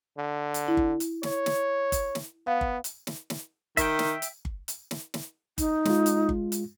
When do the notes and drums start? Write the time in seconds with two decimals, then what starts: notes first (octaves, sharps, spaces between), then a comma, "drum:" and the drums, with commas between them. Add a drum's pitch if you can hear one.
0.18 D3
0.54 drum: hi-hat
0.68 E4
0.77 drum: kick G1
1.00 drum: hi-hat
1.23 C#5, drum: snare
1.46 drum: snare
1.92 drum: kick G1, hi-hat
2.15 drum: snare
2.47 B3 F5
2.61 drum: kick G1
2.84 drum: hi-hat
3.07 drum: snare
3.30 drum: snare
3.77 D#3 E5 G5, drum: kick G1, hi-hat
3.99 drum: snare
4.22 drum: hi-hat
4.45 drum: kick G1
4.68 drum: hi-hat
4.91 drum: snare
5.14 drum: snare
5.58 D#4, drum: kick G1, hi-hat
5.86 G#3 F4, drum: snare
6.06 drum: hi-hat
6.29 drum: kick G1
6.52 drum: hi-hat